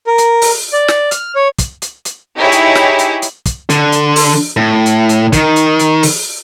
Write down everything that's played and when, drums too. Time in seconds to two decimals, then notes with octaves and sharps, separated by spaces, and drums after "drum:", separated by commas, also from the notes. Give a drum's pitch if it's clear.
0.07 A#4
0.18 drum: hi-hat
0.42 drum: open hi-hat
0.73 D5
0.88 drum: snare
1.11 F6, drum: hi-hat
1.36 C#5
1.59 drum: kick, hi-hat
1.82 drum: hi-hat
2.05 drum: hi-hat
2.37 D#4 E4 G4 G#4 C#5
2.52 drum: hi-hat
2.75 drum: snare
2.99 drum: hi-hat
3.22 drum: hi-hat
3.46 drum: kick, hi-hat
3.70 D3, drum: hi-hat
3.92 drum: hi-hat
4.16 drum: open hi-hat
4.57 A2
4.86 drum: hi-hat
5.09 drum: hi-hat
5.33 D#3, drum: kick, hi-hat
5.56 drum: hi-hat
5.79 drum: hi-hat
6.03 drum: open hi-hat